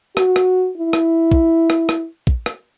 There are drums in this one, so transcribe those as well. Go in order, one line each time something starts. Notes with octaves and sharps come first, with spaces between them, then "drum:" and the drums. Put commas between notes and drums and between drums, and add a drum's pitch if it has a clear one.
F#4, drum: rim click
drum: rim click
E4
drum: rim click
drum: kick
drum: rim click
drum: rim click
drum: kick
drum: rim click